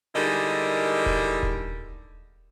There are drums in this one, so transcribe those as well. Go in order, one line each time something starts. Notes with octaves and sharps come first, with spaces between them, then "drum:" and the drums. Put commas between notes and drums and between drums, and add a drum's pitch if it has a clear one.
D3 G3 G#3 D#4 E4 A#4
drum: kick D#1
drum: kick D#1